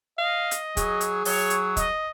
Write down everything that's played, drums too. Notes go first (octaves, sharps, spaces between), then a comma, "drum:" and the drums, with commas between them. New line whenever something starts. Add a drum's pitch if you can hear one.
D#5 F5
drum: hi-hat
F#3 G#4, drum: kick, hi-hat
drum: hi-hat
F#3 C#5, drum: open hi-hat
drum: hi-hat
D#5, drum: kick, hi-hat